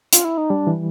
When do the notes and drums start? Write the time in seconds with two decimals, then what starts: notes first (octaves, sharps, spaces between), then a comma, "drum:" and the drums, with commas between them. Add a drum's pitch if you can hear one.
0.13 F4, drum: hi-hat
0.25 E4
0.37 D#4
0.50 G3 D4
0.67 E3